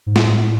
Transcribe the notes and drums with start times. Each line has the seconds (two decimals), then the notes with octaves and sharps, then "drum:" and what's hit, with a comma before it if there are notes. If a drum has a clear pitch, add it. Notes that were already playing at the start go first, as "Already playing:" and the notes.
0.06 G#2
0.16 A2, drum: snare